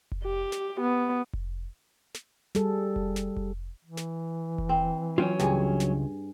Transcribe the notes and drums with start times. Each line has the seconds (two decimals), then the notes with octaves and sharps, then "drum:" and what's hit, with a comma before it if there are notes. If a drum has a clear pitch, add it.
0.12 drum: kick F1
0.24 G4
0.52 drum: snare
0.80 B3
1.33 drum: kick F1
2.15 drum: snare
2.55 G3 G#4 A4, drum: snare
2.96 drum: kick F1
3.16 drum: snare
3.36 drum: kick F1
3.85 E3
3.97 drum: snare
4.58 drum: kick F1
4.69 C4
5.18 F#3 C#4 F4 C#5 G5
5.40 C#2 G2 G#4, drum: snare
5.80 drum: snare